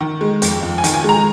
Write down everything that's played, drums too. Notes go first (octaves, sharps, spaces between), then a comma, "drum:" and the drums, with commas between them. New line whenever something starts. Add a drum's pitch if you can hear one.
D#3
G#3
F2, drum: hi-hat
F2
G#5
D#3, drum: hi-hat
G#5
G#3 A#5